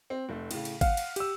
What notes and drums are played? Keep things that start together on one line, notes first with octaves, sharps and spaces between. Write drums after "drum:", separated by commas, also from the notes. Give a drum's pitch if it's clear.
C4
F1 A3
A2 C#3, drum: cymbal
drum: cymbal
F5 F#5, drum: kick G#1, cymbal
drum: cymbal
G4 E6, drum: cymbal